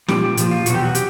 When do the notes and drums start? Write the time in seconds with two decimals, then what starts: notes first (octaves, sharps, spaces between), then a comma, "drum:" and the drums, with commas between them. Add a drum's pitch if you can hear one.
0.08 A#2 F3 G4, drum: snare
0.22 G4
0.37 A#2 F3, drum: hi-hat
0.51 F4
0.66 E2 B2 F#3 F#4, drum: hi-hat
0.74 G4
0.83 F#4
0.95 G4, drum: hi-hat